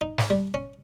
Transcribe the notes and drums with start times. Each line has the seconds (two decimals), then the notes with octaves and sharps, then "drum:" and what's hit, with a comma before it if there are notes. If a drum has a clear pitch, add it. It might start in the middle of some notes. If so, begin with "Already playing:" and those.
0.01 D#4
0.18 drum: snare
0.30 G3
0.54 C#4